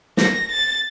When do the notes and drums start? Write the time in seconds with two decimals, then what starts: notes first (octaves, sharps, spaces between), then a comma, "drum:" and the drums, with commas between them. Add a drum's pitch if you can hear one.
0.17 A#6, drum: snare
0.51 A6